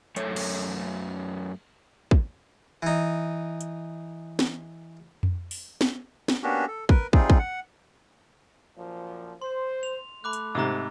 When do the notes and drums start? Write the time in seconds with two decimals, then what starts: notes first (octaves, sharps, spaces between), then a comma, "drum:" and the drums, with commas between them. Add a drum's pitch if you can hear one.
0.16 F#2 A3 A4 C#5, drum: hi-hat
0.36 drum: cymbal
2.11 drum: kick
2.83 E3 D#4
3.61 drum: hi-hat
4.39 drum: snare
5.23 drum: tom F2
5.51 drum: open hi-hat
5.81 drum: snare
6.28 drum: snare
6.43 A#3 B3 C#4 D4 F#4 G4
6.68 A4
6.89 A#4 B4, drum: kick
7.13 C3 G3 C4 D#4 F4 G#4, drum: kick
7.30 drum: kick
7.39 F#5
8.77 F#2 A#2 F3
9.42 C5 C6
9.83 F7
10.24 A3 B5 D6 F#6
10.33 drum: hi-hat
10.55 G#2 C3 A#5 D#6 E6